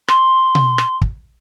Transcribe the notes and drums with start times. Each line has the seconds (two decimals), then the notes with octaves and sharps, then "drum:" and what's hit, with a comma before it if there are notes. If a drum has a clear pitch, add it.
0.08 C6, drum: rim click
0.55 drum: tom B2
0.78 drum: rim click
1.01 drum: kick